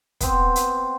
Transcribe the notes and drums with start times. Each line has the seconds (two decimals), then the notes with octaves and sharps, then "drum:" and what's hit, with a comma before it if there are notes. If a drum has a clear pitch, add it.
0.21 B3 C4, drum: kick, hi-hat
0.56 drum: hi-hat